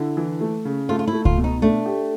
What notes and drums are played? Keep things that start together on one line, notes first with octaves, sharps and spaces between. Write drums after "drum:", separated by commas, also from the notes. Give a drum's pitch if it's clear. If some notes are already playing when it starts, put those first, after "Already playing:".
Already playing: D3 E4
E3
A3
C#3
A3 F4
F4
E4
A3
F4, drum: kick C#2
B2
D#4
A3 D4
G4